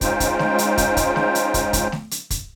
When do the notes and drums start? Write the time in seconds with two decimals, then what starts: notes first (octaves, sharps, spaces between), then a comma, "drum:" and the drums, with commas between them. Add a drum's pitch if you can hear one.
0.01 G#3 C#4 D#4 F4 C5 G5, drum: kick, hi-hat
0.20 drum: kick, hi-hat
0.39 drum: snare A3
0.58 drum: hi-hat
0.78 drum: kick, hi-hat
0.97 drum: kick, hi-hat
1.16 drum: snare A3
1.35 drum: hi-hat
1.54 drum: kick, hi-hat
1.73 drum: kick, hi-hat
1.92 drum: snare A3
2.11 drum: hi-hat
2.30 drum: kick, hi-hat